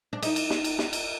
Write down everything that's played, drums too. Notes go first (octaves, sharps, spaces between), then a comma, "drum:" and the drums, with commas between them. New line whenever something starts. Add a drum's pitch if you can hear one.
D4
D#4, drum: cymbal
drum: cymbal
drum: snare
drum: cymbal
drum: snare
drum: cymbal